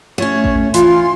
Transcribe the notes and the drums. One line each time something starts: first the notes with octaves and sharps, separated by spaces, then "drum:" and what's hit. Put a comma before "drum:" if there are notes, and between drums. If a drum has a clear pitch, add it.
A3 C#4 C#5, drum: tom E4
drum: kick A1
E3 F4 C6, drum: hi-hat